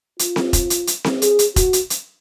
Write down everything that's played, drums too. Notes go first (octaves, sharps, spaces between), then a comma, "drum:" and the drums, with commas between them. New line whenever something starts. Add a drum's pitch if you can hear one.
F4, drum: hi-hat
drum: snare C4
drum: kick, hi-hat
drum: hi-hat
drum: hi-hat
drum: snare C4
G#4, drum: hi-hat
drum: hi-hat
F#4, drum: kick, hi-hat
drum: hi-hat
drum: hi-hat